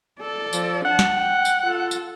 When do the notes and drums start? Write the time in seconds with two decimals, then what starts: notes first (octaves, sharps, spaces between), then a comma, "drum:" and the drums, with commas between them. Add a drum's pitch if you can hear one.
0.21 A4 D5
0.53 F3, drum: tambourine
0.85 D4 F#5 A5
0.99 drum: snare
1.16 G5
1.45 drum: tambourine
1.64 F4 A4
1.91 drum: tambourine